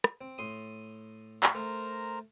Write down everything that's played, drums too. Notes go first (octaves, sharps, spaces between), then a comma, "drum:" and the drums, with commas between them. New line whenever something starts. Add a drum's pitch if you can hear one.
drum: rim click
C4
A2 C6 D#6
drum: clap
A3 A#4 C5 A#5